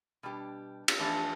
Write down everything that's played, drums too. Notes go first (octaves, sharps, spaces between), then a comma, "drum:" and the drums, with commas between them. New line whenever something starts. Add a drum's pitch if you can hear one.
B2 G3 D4 G4
drum: cymbal
F2 E3 A3 D4 G4